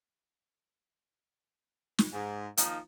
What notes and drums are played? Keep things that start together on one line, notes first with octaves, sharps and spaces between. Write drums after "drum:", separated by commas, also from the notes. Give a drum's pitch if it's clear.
drum: snare
G#2
D#3 F3 A#3 D#4, drum: hi-hat